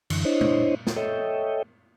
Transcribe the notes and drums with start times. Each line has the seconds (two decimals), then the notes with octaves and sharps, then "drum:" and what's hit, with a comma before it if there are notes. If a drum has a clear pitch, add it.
0.10 F#2 D3 E3, drum: cymbal
0.25 D4 E4 C5 C#5 D#5
0.41 drum: tom A#2
0.87 drum: snare
0.96 A4 C#5 D#5 E5 G5